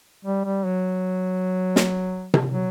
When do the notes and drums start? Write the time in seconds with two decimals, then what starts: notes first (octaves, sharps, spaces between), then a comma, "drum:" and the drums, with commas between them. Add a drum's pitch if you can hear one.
0.25 G3
0.45 G3
0.66 F#3
1.76 drum: snare
2.34 drum: tom C3
2.51 F#3